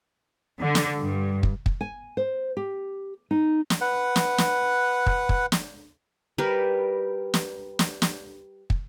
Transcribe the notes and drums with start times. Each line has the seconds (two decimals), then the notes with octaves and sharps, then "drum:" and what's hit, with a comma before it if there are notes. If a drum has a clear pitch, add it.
0.61 D3
0.75 drum: snare
1.00 G2
1.43 drum: kick
1.66 drum: kick
1.81 G#5
2.17 C5
2.57 G4
3.31 D#4
3.70 drum: snare
3.81 B4 F#5
4.16 drum: snare
4.38 drum: snare
5.06 drum: kick
5.29 drum: kick
5.52 drum: snare
6.38 G3 G4 A#4 B4
7.34 drum: snare
7.79 drum: snare
8.02 drum: snare
8.70 drum: kick